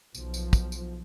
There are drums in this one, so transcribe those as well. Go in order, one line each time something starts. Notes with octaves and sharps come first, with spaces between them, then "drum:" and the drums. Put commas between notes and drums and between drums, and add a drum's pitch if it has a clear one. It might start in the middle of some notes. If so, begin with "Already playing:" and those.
B1 F3, drum: tambourine
drum: tambourine
drum: kick, tambourine
drum: tambourine